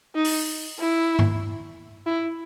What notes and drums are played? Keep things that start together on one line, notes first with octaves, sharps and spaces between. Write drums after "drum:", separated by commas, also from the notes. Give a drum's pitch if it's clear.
D#4
drum: open hi-hat
E4
drum: tom G2
E4